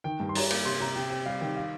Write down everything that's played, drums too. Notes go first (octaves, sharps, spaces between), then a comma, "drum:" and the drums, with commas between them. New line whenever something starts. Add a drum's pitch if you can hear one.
D#3 G5
G2
C6
G3 A#5, drum: open hi-hat
A#3, drum: cymbal
C3 C6
C3 A#5
C3 G5
C3 G5
G3 F5
D#3 G5
F5